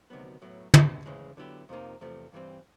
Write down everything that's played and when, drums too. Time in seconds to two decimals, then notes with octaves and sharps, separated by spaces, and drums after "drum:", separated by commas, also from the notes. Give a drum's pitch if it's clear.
0.10 D2 C3 D#3 F#3 B3
0.42 A2 F#3 B3
0.74 C2 A#2 G3 B3 D4, drum: tom
1.06 D2 C#3 E3 G#3
1.37 D3 F#3 B3 E4 G4
1.69 F2 C3 F3 A#3 D#4
2.01 E2 C3 F3 A3
2.32 G2 E3 G3 C4